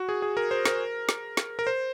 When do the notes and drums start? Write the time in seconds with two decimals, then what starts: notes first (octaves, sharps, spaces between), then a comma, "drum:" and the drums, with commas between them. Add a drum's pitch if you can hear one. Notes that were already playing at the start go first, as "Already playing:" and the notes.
Already playing: F#4
0.09 G#4
0.22 G#4
0.37 A#4
0.51 C5
0.65 A#4, drum: snare
1.09 drum: snare
1.37 drum: snare
1.59 A#4
1.67 C5